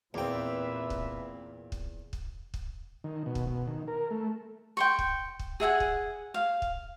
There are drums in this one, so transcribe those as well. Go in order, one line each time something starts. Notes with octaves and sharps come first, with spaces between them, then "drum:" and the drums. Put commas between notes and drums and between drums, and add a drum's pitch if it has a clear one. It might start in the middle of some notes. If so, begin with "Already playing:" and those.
E2 A#2 A#3 C4 B4 E5 G5
drum: kick
drum: kick
drum: kick
drum: kick
D#3
B2
drum: kick
B2
D#3
A#4
A3
G5 C6 C#6
drum: kick
drum: kick
G#4 E5 F#5 G#5
drum: kick
F5
drum: kick